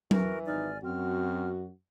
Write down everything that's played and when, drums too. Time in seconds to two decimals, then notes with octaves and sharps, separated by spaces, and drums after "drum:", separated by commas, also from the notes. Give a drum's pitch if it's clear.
0.11 E3 F#4 A#4, drum: tom F#3
0.47 G#1 D#4 D5 G#5 F6
0.83 F#2 C4 F#4 F6